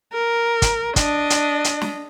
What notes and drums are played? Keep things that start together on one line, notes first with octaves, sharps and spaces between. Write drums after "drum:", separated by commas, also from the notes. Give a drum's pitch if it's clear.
A#4
drum: kick, hi-hat
D4 D#5, drum: kick, hi-hat
drum: hi-hat
drum: hi-hat
drum: snare